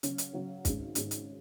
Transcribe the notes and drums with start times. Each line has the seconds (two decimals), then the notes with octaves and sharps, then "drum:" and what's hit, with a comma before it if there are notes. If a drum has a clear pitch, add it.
0.03 C#3 F#3 C#4 F#4, drum: hi-hat
0.18 drum: hi-hat
0.33 C#3 F#3 C#4 F#4
0.65 G#1 G#2 D#3 G#3 C#4, drum: kick, hi-hat
0.95 G#1 G#2 D#3 G#3 C#4, drum: hi-hat
1.11 drum: hi-hat